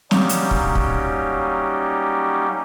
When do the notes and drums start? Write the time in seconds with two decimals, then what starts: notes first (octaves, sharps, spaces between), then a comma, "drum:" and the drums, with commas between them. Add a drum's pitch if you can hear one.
0.11 F#3 G3 A#3 C#4 D#4 G4, drum: snare
0.29 drum: hi-hat
0.51 drum: kick
0.75 drum: kick